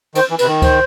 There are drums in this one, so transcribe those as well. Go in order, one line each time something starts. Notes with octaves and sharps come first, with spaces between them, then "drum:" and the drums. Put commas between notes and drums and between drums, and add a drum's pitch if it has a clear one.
D#3 C5, drum: cymbal
E3
B4, drum: cymbal
C3
D#3
C5, drum: kick C#2, cymbal